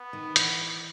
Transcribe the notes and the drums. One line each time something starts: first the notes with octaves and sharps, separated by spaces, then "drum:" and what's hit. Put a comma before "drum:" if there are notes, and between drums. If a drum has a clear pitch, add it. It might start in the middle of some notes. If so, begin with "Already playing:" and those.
Already playing: B3
D#3
E3, drum: hi-hat